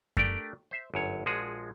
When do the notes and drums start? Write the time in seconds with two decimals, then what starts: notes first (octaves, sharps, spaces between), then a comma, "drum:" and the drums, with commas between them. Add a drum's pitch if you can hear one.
0.17 A3 D4 G4 A#4 D5 G5, drum: kick F#2
0.71 C5 E5
0.94 G1 F#2 C#5
1.26 A#1 F3 G#3 F#4 G#4